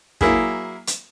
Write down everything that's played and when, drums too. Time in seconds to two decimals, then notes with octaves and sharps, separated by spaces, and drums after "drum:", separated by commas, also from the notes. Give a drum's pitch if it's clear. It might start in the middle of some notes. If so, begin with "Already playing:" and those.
0.21 F#3 A#3 E4 G#4, drum: kick
0.87 drum: hi-hat